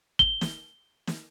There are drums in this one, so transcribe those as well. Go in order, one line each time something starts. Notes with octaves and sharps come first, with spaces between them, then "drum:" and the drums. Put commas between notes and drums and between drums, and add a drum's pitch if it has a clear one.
G7, drum: kick
drum: snare
drum: snare